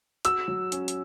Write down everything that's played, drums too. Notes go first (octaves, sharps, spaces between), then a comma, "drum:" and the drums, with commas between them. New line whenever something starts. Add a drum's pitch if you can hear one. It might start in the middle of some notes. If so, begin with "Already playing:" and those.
F#4 E6, drum: hi-hat
F#3
C#4, drum: hi-hat
drum: hi-hat